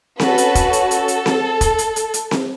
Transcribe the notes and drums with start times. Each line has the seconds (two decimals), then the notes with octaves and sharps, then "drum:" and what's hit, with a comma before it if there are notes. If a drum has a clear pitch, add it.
0.20 C#4 F#4 A4 B4, drum: snare C4
0.38 drum: hi-hat
0.55 drum: kick E1, hi-hat
0.73 drum: hi-hat
0.91 A4, drum: hi-hat
1.08 drum: hi-hat
1.26 drum: snare C4
1.61 drum: kick E1, hi-hat
1.78 drum: hi-hat
1.96 drum: hi-hat
2.14 drum: hi-hat
2.31 drum: snare C4